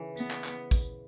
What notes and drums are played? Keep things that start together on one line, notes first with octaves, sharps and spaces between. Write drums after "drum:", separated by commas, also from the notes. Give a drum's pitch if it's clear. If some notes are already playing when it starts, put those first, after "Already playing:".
Already playing: C#3 E3
B3, drum: tambourine
drum: clap
drum: clap
drum: kick, tambourine